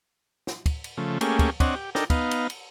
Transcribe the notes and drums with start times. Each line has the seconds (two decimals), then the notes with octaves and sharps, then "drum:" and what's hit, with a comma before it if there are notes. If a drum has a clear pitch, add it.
0.47 drum: snare
0.66 drum: kick, cymbal
0.84 drum: cymbal
0.97 C#3 F3 A3
1.21 A3 A#3 C#4 G4 G#4, drum: cymbal
1.39 drum: kick, cymbal
1.60 C4 D4 C#5 D#5 F#5, drum: kick, cymbal
1.75 G4
1.95 D4 D#4 A4 A#4 G5, drum: snare
2.10 B3 D#4 F5, drum: kick, cymbal
2.31 drum: cymbal
2.50 drum: cymbal